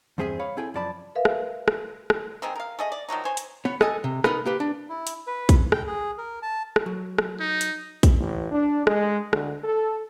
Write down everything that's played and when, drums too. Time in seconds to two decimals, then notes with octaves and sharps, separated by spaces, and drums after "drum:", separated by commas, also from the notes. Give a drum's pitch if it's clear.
0.18 E2 G2 C4 G#4 E5 G#5
0.39 C#5 F5 B5
0.57 C4 E4 G#4 A4 G5 G#5
0.74 F#2 F3 D5 A5 B5
1.15 A#4 B4 E5 F5
1.25 drum: rim click
1.68 drum: rim click
2.10 drum: rim click
2.42 D#3 C4 D#4 G#4
2.55 A#4 F5
2.79 A3 G#4 D#5
2.92 D5
3.09 D#3 F3 F#3 D#4
3.25 C5 C#5 G#5
3.37 drum: hi-hat
3.65 B3 C#5
3.81 A4 D#5 G#5, drum: rim click
4.04 C3
4.24 B3 D#4 A#4 B4 B5, drum: rim click
4.46 A#3 G4 B4
4.60 D4
4.89 E4
5.07 drum: hi-hat
5.27 B4
5.49 drum: kick, hi-hat
5.72 G5, drum: rim click
5.87 G#4
6.18 A#4
6.42 A5
6.76 drum: rim click
6.86 F#3
7.18 drum: rim click
7.40 D#4
7.61 drum: hi-hat
8.03 drum: kick, hi-hat
8.18 A1
8.52 D4
8.87 G#3, drum: rim click
9.33 D2, drum: rim click
9.64 A4